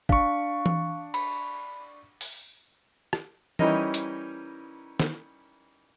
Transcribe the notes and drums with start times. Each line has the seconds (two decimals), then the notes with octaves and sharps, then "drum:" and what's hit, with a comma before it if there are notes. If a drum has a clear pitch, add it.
0.09 D4 F5 C#6, drum: kick
0.66 drum: tom E3
1.14 B5, drum: cymbal
2.21 drum: open hi-hat
3.13 drum: rim click
3.59 E3 G3 C#4 D#4 A#4 D#5, drum: tom E3
3.94 drum: hi-hat
4.99 drum: snare